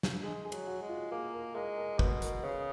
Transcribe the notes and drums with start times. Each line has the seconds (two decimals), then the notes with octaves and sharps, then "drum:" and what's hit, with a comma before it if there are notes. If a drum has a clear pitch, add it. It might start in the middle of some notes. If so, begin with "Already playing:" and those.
0.03 drum: snare
0.23 G#3 G#4
0.45 G#4
0.52 F#3, drum: cymbal
0.67 F#4
0.82 G#3
0.89 F4
1.12 A#3 G#4
1.33 A#4
1.55 G#3 A#4
1.78 A#4
1.99 B2 A#4, drum: kick
2.22 A#4, drum: hi-hat
2.43 C#3 A#4